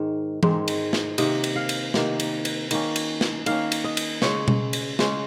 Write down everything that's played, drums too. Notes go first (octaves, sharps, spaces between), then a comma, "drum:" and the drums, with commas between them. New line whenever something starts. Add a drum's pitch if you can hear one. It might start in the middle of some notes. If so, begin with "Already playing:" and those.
Already playing: G#2 D#3
G#2 D#3 G#3, drum: tom E3
drum: cymbal
drum: snare
C3 D#3 A#3 D#5, drum: cymbal
drum: cymbal
F5
drum: cymbal
C3 D#3 A#3, drum: snare
drum: cymbal
drum: cymbal
D#3 A#3 C#4, drum: cymbal
drum: cymbal
drum: snare
D#3 A#3 C#4 F5, drum: cymbal
drum: cymbal
D#5
drum: cymbal
C#3 G#3 C#4 C#5, drum: snare
drum: tom B2
drum: cymbal
C#3 G#3 C#4, drum: snare